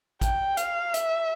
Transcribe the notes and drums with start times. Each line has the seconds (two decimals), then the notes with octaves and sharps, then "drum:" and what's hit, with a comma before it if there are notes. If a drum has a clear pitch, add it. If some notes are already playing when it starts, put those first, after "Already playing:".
0.21 G5, drum: kick, hi-hat
0.57 F5, drum: hi-hat
0.94 E5, drum: hi-hat